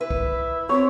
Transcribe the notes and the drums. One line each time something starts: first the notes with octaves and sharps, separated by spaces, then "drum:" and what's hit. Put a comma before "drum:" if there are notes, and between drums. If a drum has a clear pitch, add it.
E4 B4
drum: kick
C4 C#5 E5